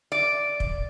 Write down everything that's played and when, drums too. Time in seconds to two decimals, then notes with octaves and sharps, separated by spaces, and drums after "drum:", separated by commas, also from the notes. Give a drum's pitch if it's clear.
0.12 D5
0.60 drum: kick